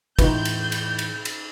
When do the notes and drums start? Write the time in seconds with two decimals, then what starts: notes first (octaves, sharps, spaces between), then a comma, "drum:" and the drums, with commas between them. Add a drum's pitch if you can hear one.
0.19 E2 A2 E3 D#4 F4 B4 G6, drum: kick, cymbal
0.45 drum: cymbal
0.72 drum: cymbal
0.99 drum: cymbal
1.25 drum: cymbal